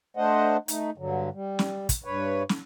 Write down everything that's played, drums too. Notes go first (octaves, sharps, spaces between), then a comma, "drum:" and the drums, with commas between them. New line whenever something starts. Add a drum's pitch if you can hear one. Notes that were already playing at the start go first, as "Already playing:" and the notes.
A3 D4 C5 D#5 F#5
A3 D#4, drum: hi-hat
G2 D3 F#3
G3
drum: snare
drum: kick, hi-hat
G2 B4 C#5
drum: snare